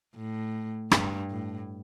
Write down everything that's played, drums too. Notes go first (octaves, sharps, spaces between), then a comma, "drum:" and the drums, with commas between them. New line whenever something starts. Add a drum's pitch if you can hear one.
A2
G2, drum: rim click
A2